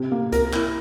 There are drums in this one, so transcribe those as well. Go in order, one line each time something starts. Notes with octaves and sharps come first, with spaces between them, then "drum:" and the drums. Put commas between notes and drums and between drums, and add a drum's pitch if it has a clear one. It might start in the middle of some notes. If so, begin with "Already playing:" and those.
Already playing: C3
A#3
A#4, drum: kick C#2, hi-hat
E4, drum: clap